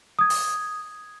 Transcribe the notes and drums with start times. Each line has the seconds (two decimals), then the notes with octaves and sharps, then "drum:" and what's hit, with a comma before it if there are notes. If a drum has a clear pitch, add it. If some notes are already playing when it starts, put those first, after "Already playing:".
0.19 D#6 G#6
0.30 drum: open hi-hat